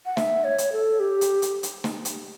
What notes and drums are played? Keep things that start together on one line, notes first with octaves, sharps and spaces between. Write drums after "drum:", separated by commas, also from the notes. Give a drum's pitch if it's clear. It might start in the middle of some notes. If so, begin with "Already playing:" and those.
F#5
E5, drum: snare
C#5
drum: hi-hat
A4
G4
drum: hi-hat
drum: hi-hat
drum: hi-hat
drum: snare
drum: hi-hat